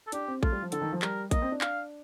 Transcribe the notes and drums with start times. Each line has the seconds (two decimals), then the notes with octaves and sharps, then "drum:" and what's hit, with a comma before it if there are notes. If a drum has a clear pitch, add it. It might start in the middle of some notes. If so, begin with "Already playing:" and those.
0.07 A4
0.12 D4 G4, drum: hi-hat
0.28 C4
0.43 A3 F4, drum: kick A#1
0.52 G3
0.62 F3
0.72 D3 A4, drum: hi-hat
0.82 D#3
0.92 F3
1.02 G3 A#4, drum: clap
1.31 A#3 D#5, drum: kick A#1, hi-hat
1.42 C4
1.52 D4
1.61 F5, drum: clap